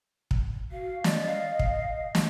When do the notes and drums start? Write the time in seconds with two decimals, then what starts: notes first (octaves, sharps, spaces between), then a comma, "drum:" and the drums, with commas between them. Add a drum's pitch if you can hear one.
0.31 drum: kick
0.72 F#4 F5
1.04 D5 D#5, drum: snare
1.26 F5
1.59 drum: kick
2.15 drum: snare